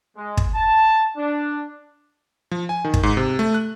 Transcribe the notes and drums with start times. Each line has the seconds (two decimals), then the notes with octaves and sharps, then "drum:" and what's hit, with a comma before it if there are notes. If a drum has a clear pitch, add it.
0.17 G#3
0.37 drum: kick
0.54 A5
1.17 D4
2.51 F3
2.69 G#5
2.85 D#3
2.94 drum: kick
3.03 G#2
3.17 C3
3.39 A3
3.54 F#6